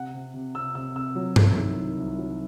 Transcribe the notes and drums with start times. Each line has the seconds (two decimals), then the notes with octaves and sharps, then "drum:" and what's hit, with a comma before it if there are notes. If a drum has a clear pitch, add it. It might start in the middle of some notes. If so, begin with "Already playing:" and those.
Already playing: C3 F#5
0.14 C3
0.34 C3
0.55 C3 E6
0.75 C3 E6
0.96 C3 E6
1.15 F#3
1.36 C2, drum: tom G2
1.57 D#3
1.77 D#3
1.98 C2
2.17 F#3